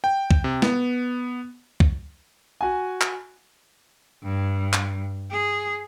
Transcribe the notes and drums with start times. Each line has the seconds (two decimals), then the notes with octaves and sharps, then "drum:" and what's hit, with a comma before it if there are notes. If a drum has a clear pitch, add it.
0.04 G5
0.31 drum: kick
0.44 C3
0.62 B3, drum: snare
1.80 drum: kick
2.61 F#4 G#5
3.01 drum: clap
4.23 G2
4.73 drum: clap
5.31 G#4